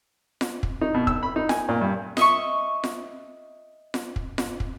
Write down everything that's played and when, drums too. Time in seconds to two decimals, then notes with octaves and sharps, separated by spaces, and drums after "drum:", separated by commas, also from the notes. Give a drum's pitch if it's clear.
0.41 drum: snare F4
0.63 drum: kick
0.81 D#4
0.94 B2
1.07 E6, drum: kick
1.23 B5
1.36 D#4
1.49 G#5, drum: snare F4
1.69 A#2
1.81 G2
2.17 D#5 E5 C#6, drum: snare F4
2.84 drum: snare F4
3.94 drum: snare F4
4.16 drum: kick
4.38 drum: snare F4
4.60 drum: kick